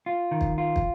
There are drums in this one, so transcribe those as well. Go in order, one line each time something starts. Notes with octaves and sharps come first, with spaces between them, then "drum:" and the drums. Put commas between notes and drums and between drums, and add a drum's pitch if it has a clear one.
F4
D#3
drum: kick
F4
drum: kick